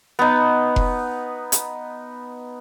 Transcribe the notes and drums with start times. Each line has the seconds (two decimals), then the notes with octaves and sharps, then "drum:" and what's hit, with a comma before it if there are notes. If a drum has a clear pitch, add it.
0.19 B3 D#4
0.76 drum: kick F1
1.52 drum: hi-hat